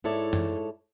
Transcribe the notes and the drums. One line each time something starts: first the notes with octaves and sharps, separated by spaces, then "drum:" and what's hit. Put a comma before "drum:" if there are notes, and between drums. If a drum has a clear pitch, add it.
G#2 E4 A4 C#5 D5
drum: tom F#2